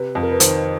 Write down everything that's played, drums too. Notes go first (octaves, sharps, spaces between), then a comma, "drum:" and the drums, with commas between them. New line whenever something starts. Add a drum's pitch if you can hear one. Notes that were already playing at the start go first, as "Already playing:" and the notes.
Already playing: C3 B4
F2
A#4
B4
D#3 C5, drum: hi-hat